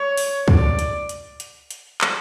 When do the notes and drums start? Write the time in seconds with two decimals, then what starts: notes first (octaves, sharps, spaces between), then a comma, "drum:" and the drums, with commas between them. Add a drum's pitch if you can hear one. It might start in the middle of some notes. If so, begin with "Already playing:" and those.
Already playing: C#5
0.17 drum: open hi-hat
0.48 D5, drum: kick
0.79 drum: hi-hat
1.09 drum: hi-hat
1.40 drum: hi-hat
1.71 drum: hi-hat
2.01 drum: clap